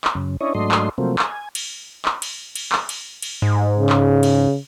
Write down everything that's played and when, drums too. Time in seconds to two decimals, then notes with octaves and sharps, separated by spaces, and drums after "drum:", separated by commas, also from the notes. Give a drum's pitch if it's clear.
0.04 drum: clap
0.15 F#2 C#3
0.41 C#4 D4 E4 C#5 D#5
0.55 G#2 F#3 A3 D4 D#5 C6
0.71 drum: clap
0.98 C3 F3 F#3 A3 A#3 C4
1.19 G#5, drum: clap
1.55 drum: cymbal
2.05 drum: clap
2.22 drum: cymbal
2.55 drum: cymbal
2.72 drum: clap
2.89 drum: cymbal
3.22 drum: cymbal
3.42 G#2
3.78 C#3
3.89 drum: clap
4.23 drum: cymbal